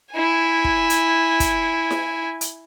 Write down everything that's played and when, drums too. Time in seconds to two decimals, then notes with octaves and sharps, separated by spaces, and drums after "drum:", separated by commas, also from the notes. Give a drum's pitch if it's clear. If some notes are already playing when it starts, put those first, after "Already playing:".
0.14 E4 G#5
0.65 drum: kick
0.90 drum: hi-hat
1.40 drum: kick, hi-hat
1.90 drum: snare E4
2.41 drum: hi-hat